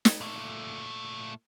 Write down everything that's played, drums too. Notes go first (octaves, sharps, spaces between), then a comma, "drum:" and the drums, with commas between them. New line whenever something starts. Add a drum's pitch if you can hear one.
drum: snare
A#2 A3